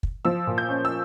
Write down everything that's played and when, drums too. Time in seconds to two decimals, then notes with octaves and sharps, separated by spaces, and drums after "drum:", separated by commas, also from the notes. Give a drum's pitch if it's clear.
0.03 drum: kick
0.25 F3 E6
0.47 A#2
0.58 G6
0.69 C#4
0.85 E6